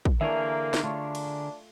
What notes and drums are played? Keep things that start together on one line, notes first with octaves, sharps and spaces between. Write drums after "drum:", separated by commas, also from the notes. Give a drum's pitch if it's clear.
drum: kick
D3 E3 A#3 D4 G#4 A#4 C#5 E5, drum: tom D3
drum: snare
A3 D4 F4 C#5
drum: cymbal